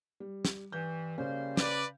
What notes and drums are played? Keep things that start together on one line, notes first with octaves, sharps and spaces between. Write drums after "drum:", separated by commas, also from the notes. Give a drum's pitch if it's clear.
G3
drum: snare
G2 E3 G6
C#3 G3 A#3 C#4 C5
B4 D5, drum: snare